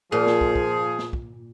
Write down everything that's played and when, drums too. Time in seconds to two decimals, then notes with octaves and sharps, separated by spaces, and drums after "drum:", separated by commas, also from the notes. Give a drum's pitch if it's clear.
0.12 A#2 F3 G#4
0.27 drum: snare
0.41 drum: kick
0.55 drum: kick
0.99 drum: snare
1.13 drum: kick